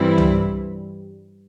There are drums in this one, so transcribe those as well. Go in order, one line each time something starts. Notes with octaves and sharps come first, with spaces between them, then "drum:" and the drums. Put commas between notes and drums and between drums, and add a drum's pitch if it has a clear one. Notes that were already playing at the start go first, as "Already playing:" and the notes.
Already playing: G2 E3 G3 C4 E4
drum: tom C2